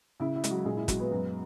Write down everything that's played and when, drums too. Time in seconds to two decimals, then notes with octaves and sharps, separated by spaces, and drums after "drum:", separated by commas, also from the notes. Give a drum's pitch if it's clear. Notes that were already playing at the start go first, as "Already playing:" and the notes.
0.20 C#3 E4
0.36 E4
0.44 G#3, drum: hi-hat
0.50 F#3 F#4
0.65 A#2 G#3 G#4
0.77 E4
0.88 F#3 G#3 F#4, drum: kick, hi-hat
1.00 B3 B4
1.12 F#2